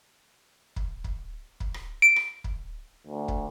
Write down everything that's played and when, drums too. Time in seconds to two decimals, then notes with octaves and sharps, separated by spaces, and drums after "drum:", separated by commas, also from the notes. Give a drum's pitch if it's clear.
0.76 drum: kick
1.04 drum: kick
1.60 drum: kick
1.74 drum: rim click
2.02 D7
2.16 drum: rim click
2.44 drum: kick
3.07 D2
3.28 drum: kick